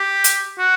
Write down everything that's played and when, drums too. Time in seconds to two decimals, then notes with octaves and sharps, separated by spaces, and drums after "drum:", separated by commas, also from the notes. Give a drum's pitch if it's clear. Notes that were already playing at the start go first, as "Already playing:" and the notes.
Already playing: G4
0.24 drum: hi-hat
0.59 F#4